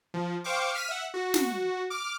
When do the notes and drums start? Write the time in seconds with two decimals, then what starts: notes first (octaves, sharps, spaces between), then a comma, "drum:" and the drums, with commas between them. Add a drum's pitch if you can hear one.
0.14 F3
0.44 C5 F5 G5 C#6 D6
0.74 F6 B6 D#7
0.89 E5 F#5
1.14 F#4
1.34 drum: snare
1.90 D6 F6